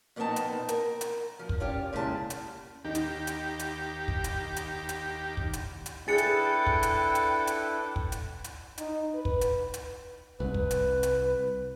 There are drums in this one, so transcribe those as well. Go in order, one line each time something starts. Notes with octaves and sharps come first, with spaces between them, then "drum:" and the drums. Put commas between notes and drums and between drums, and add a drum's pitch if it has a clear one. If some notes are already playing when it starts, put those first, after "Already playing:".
F2 A#2 B3 C4 D#4 A5
drum: hi-hat
A#4, drum: hi-hat
drum: hi-hat
F3
drum: kick
C#4 F4 G4 D5
A#2 C#3 G#3 E4 C5 A5
drum: hi-hat
D#2 D#4 G4
drum: hi-hat
drum: hi-hat
drum: hi-hat
drum: kick
drum: hi-hat
drum: hi-hat
drum: hi-hat
drum: kick
drum: hi-hat
drum: hi-hat
D4 E4 G#4 A4 B4 G5 A6 C#7
drum: hi-hat
drum: kick
drum: hi-hat
drum: hi-hat
drum: hi-hat
drum: kick
drum: hi-hat
drum: hi-hat
D#4, drum: hi-hat
B4
drum: kick
drum: hi-hat
drum: hi-hat
C2 B4
drum: kick
drum: hi-hat
drum: hi-hat